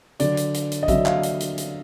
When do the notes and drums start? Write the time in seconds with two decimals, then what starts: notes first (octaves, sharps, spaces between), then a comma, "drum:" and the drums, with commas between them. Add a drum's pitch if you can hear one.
0.20 D3 F#3 D5, drum: hi-hat
0.37 drum: hi-hat
0.54 drum: hi-hat
0.72 drum: hi-hat
0.83 D#5
0.88 D3 F#3 E5, drum: kick A#1, hi-hat
1.06 F5, drum: clap
1.23 drum: hi-hat
1.40 drum: hi-hat
1.58 drum: hi-hat